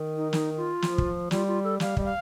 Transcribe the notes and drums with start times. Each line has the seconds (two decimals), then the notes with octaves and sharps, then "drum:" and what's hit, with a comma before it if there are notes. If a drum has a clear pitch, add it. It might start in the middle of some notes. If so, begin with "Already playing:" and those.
Already playing: D#3
0.17 D#4
0.33 D#4, drum: snare
0.57 F4
0.82 F3, drum: snare
0.98 drum: kick
1.31 G3 F4, drum: snare
1.48 F4
1.64 A4
1.80 G3 F5, drum: snare
1.97 G3 D#5, drum: kick
2.05 F5